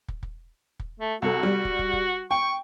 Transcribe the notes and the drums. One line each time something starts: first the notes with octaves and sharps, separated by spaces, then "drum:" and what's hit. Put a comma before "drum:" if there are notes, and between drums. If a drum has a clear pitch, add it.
drum: kick
drum: kick
drum: kick
A3
C2 F#4 A4
G3
drum: kick
drum: kick
drum: kick
G5 C#6